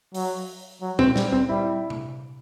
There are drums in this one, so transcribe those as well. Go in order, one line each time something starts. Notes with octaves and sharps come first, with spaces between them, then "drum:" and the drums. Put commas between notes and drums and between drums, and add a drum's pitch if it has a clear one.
F#3, drum: open hi-hat
F#3
C4, drum: tom A#2
G3, drum: snare
C4
G3 E4
drum: tom C3